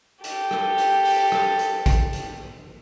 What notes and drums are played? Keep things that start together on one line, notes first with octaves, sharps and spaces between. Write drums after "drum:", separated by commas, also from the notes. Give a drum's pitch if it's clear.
G4 A4, drum: hi-hat
drum: rim click
drum: hi-hat
drum: open hi-hat
drum: rim click
drum: hi-hat
drum: kick, hi-hat
drum: hi-hat